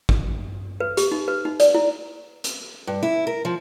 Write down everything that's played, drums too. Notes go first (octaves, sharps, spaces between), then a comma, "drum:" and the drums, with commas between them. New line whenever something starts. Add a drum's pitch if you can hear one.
drum: kick
B4
G4, drum: hi-hat
D#4
B4
D#4
D5, drum: hi-hat
E4
drum: hi-hat
G2
E4
A#4
F3